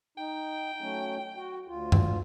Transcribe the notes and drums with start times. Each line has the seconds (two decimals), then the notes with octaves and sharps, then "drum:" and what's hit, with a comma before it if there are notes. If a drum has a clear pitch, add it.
0.18 D#4 G5
0.81 F#3 A3 C#4
1.37 F#4
1.68 D2 F4
1.92 drum: tom F#2